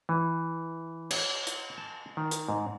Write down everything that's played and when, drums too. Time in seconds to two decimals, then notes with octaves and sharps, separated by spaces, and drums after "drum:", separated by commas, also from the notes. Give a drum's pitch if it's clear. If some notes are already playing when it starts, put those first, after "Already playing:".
0.09 E3
1.11 C#5, drum: cymbal
1.47 drum: hi-hat
1.78 A5
2.17 D#3
2.31 drum: hi-hat
2.48 G#2